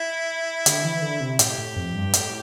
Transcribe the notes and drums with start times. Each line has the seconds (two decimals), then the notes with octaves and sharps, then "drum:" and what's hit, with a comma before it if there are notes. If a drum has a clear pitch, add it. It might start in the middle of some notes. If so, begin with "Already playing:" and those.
Already playing: E4
0.66 D3, drum: hi-hat
0.84 E3
1.02 D3
1.20 C3
1.39 A2 G4, drum: hi-hat
1.58 A2
1.76 F2
1.95 G2
2.13 A2, drum: hi-hat